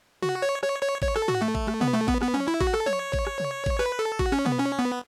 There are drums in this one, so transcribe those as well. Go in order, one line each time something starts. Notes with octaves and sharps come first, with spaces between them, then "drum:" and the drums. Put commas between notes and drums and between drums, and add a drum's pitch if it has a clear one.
F#4, drum: tom C3
C#5
C#5, drum: rim click
C#5
C#5, drum: kick G#1
A4, drum: rim click
F#4, drum: tom G#2
A3
drum: kick G#1
drum: rim click
B3, drum: tom B2
A3
B3, drum: kick G#1
B3, drum: rim click
C#4, drum: tom F3
E4
F#4, drum: kick G#1
A4, drum: rim click
C#5, drum: tom F3
drum: kick G#1
drum: rim click
drum: tom C3
drum: kick G#1
B4, drum: rim click
A4
F#4, drum: kick G#1
C#4, drum: rim click
B3, drum: tom B2
C#4
B3